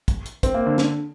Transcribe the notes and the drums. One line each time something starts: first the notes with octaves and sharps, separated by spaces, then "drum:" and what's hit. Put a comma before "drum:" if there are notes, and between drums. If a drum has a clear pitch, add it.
drum: kick, hi-hat
drum: hi-hat
C4, drum: kick, hi-hat
A#3
D3
drum: snare